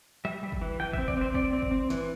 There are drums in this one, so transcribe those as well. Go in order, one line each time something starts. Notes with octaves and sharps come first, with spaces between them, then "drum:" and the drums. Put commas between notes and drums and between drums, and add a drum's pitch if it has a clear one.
G3 E5
G3
drum: kick
E3
E3 G5
E5, drum: kick
C4
D5, drum: kick
C4 C5
C4 D5, drum: kick
C4
drum: kick
C4
E3, drum: snare